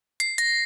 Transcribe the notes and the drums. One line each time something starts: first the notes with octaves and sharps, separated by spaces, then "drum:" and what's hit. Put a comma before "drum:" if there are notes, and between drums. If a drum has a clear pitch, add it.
C7, drum: hi-hat
A#6, drum: hi-hat